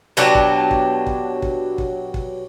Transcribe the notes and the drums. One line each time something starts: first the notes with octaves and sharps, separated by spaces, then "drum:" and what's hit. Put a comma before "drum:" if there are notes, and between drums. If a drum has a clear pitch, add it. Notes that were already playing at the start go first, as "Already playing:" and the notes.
B2 F#3 D4 G4
drum: kick
drum: kick
drum: kick
drum: kick
drum: kick
drum: kick